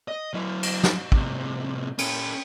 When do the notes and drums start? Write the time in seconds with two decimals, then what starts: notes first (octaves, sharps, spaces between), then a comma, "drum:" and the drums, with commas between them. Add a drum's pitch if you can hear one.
0.08 D#5
0.34 F#3 E4
0.63 drum: cymbal
0.83 drum: snare
1.12 A2 C3, drum: kick
1.98 C#4 A4, drum: cymbal